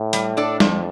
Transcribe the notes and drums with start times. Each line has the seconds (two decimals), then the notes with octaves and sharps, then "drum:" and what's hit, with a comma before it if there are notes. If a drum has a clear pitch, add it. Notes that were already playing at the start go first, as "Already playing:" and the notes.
Already playing: A2
0.13 G3, drum: hi-hat
0.37 D4 A4 D5
0.60 F2 F3, drum: snare